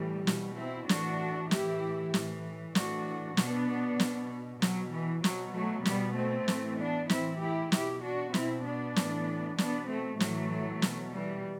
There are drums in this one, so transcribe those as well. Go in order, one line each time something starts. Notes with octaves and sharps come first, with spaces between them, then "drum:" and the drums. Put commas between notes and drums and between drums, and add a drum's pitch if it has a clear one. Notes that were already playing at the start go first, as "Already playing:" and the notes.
Already playing: A2 E3 G3
B2, drum: snare
C4 E4
A2 E3 D4 F#4, drum: snare
A2 E3 E4 G4, drum: snare
A2 E3, drum: snare
A2 E3 D4 F#4, drum: snare
B2 B3 D4, drum: snare
B2, drum: snare
B2 F#3, drum: snare
E3
B2 F#3, drum: snare
F#3 A3
B2 G3 B3, drum: snare
A3 C4
A2 E3, drum: snare
B3 D4
A2 E3 C4 E4, drum: snare
E4 G4
B2 E4 G4, drum: snare
D4 F#4
B2 C4 E4, drum: snare
B3 D4
A2 E3, drum: snare
B2 B3 D4, drum: snare
A3 C4
A2 E3 F#3 A3, drum: snare
B2, drum: snare
E3 G3